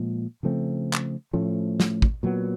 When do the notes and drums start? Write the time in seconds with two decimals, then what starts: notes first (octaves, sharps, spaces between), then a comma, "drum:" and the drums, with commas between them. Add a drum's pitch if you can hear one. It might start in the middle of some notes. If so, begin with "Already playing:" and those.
Already playing: A#2 F3 G#3
0.43 C#3 F3 A3 C4
0.94 drum: clap
1.33 A2 F3 A3 C#4
1.80 drum: snare
2.02 drum: kick
2.23 A#2 F#3 B3